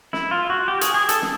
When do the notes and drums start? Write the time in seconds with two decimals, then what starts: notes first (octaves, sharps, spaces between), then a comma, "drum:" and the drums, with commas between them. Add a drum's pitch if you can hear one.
0.13 E4, drum: snare
0.31 F4
0.50 F#4
0.68 G4
0.81 G#4, drum: hi-hat
0.94 G#4
1.09 A4, drum: hi-hat
1.22 drum: snare